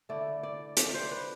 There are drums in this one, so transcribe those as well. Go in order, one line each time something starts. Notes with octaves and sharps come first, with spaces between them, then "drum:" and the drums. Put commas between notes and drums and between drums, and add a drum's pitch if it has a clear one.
D3 A3 E4 D5
D5
D5, drum: hi-hat
C5
B4